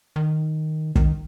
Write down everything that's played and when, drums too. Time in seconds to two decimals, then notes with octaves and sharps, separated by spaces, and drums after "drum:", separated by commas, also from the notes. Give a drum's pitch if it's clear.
0.16 D#3
0.95 D#3, drum: kick